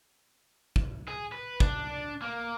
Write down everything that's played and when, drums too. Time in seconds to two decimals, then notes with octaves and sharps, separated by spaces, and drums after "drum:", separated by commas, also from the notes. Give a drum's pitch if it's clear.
0.76 drum: kick
1.08 G#4
1.32 B4
1.60 D4, drum: kick
2.22 A#3